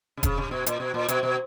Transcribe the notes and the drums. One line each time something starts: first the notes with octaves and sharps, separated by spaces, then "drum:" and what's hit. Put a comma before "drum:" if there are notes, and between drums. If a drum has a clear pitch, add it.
C3
C#3, drum: kick E1, hi-hat
C3
B2
A#2, drum: hi-hat
B2
A#2
B2, drum: hi-hat
B2